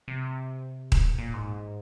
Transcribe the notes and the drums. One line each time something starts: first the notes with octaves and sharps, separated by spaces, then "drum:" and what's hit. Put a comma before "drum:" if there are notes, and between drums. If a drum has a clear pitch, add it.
C3
B2, drum: kick D#1
A#2
A2
A#2
G#2